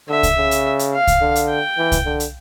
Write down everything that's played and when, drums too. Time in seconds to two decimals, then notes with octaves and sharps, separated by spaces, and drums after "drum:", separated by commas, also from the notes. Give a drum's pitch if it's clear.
0.09 D3 E5
0.23 drum: kick C2, hi-hat
0.37 C#3
0.51 drum: hi-hat
0.79 drum: hi-hat
0.94 F5
1.07 drum: kick C2, hi-hat
1.21 D3
1.36 drum: hi-hat
1.50 G5
1.78 E3
1.92 drum: kick C2, hi-hat
2.05 D3
2.20 drum: hi-hat